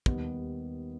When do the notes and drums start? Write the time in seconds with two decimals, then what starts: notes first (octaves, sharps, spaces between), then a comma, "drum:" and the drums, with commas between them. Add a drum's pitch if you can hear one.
0.06 D#2 D#3 G3 B3, drum: kick